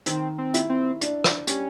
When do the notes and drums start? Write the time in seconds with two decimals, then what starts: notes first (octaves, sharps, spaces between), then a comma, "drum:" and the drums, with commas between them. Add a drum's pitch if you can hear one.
0.06 D#3 C4, drum: hi-hat
0.38 C4
0.54 E4, drum: hi-hat
0.69 C4
1.01 D4, drum: hi-hat
1.24 drum: rim click
1.47 G3 C#4, drum: hi-hat